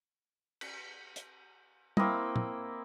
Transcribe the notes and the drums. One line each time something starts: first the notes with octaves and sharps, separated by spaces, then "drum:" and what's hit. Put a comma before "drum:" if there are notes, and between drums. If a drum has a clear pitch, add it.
drum: cymbal
drum: hi-hat
A#3 C4 E4 D#5, drum: tom
drum: tom